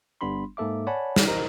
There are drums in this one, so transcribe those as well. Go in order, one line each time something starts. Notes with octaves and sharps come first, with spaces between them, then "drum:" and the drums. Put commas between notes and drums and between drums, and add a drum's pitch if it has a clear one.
G1 G3 B3 D4 B5 C6
G#2 A#3 A4 E5 D6
C#5 D5 F#5 G#5 A5 B5
drum: snare
A#4 C5 D#5 A#5